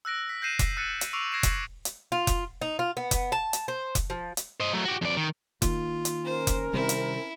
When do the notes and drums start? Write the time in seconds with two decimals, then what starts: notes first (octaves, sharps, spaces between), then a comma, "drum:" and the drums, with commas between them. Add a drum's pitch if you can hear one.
0.05 E6 F#6 A#6 D7
0.29 B6
0.42 F#6 G6 A#6 C7 D#7 E7
0.59 drum: kick F1, hi-hat
0.77 E6 F#6 A6 C#7 D#7
1.01 drum: hi-hat
1.13 C#6 D6 E6 C7 D7 F7
1.32 G#6 A#6 C7 D7 E7
1.43 drum: kick F1, hi-hat
1.85 drum: hi-hat
2.12 F4
2.27 drum: kick F1, hi-hat
2.62 D#4
2.79 F4
2.97 B3
3.11 drum: kick F1, hi-hat
3.32 A5
3.53 drum: hi-hat
3.68 C5
3.95 drum: kick F1, hi-hat
4.10 F3
4.37 drum: hi-hat
4.60 C5 D#5
4.73 F#3 A3
4.85 F#4 G4
5.02 F2 D5
5.17 D#3
5.62 D#3 A#3 F4, drum: kick F1, hi-hat
6.05 drum: hi-hat
6.25 C#4 A#4 C5
6.47 drum: kick F1, hi-hat
6.73 C3 D#3 G3 C4 E4
6.89 drum: hi-hat